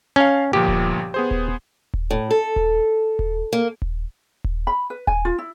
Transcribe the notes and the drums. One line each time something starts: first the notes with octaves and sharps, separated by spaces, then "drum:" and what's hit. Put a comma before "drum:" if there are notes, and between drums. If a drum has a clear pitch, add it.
C#4 F5 A5
G1 A#2 F3 G4
drum: kick D#1
B3 G#4 C5
drum: kick D#1
drum: kick D#1
A2
A4
drum: kick D#1
drum: kick D#1
A#3
drum: kick D#1
drum: kick D#1
B5
B4
G#5, drum: kick D#1
F4
E4